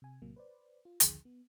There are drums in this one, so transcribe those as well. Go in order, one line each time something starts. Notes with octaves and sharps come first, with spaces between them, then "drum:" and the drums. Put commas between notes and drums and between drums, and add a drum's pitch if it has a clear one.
C3 G#5
A#1 A2 C3 F#3 A#3
B4 C5 D5
F4
A#1 D#2 D3 F3 G#4, drum: hi-hat
B3